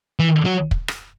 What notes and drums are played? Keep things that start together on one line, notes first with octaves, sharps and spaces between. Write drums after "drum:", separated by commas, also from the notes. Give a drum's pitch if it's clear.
E3
F#3
drum: kick
drum: rim click